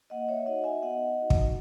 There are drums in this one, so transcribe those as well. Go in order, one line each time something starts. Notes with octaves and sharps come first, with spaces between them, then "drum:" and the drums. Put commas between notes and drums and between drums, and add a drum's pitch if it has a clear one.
A#3 D#5 F#5
C#5 E5
D#4 F#4 D#5 F#5
E5 G#5
B3 D#5 F#5
D#4 F#4
drum: kick